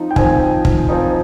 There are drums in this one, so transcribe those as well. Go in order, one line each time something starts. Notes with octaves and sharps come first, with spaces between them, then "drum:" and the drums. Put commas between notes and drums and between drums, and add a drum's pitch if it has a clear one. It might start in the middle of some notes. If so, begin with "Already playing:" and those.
Already playing: F3 C4 D#4
G5
F3 C4 D#4 G#5, drum: kick
drum: kick
F3 C4 D#4